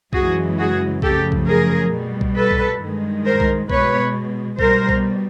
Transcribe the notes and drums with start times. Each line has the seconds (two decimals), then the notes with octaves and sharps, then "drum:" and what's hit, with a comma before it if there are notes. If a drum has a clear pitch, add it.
0.13 F#2 C#3 E3 G#3 F#4 G#4, drum: kick B1
0.58 F#4 G#4
1.02 F#2 C#3 F3 A3 G4 A4, drum: kick B1
1.32 drum: kick B1
1.46 G#4 A#4
1.92 B2 G3
2.21 drum: kick B1
2.36 A4 B4
2.51 drum: kick B1
2.81 G2 D#3 G#3
3.25 A#4 C5
3.40 drum: kick B1
3.70 B2 G#3 B4 C#5, drum: kick B1
4.59 B2 G3 A#4 C5, drum: kick B1
4.89 drum: kick B1